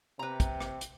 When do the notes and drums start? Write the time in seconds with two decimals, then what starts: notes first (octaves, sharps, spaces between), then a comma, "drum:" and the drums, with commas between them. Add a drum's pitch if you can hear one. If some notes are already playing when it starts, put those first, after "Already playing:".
0.19 C3 B4 A#5
0.40 drum: kick, hi-hat
0.61 drum: rim click
0.81 drum: hi-hat